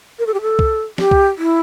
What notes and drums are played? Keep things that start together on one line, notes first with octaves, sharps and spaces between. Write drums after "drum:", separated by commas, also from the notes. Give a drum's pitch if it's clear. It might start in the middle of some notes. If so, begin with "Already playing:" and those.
A#4
A4
G4
A4
drum: kick C2
G4, drum: snare
drum: kick C2
E4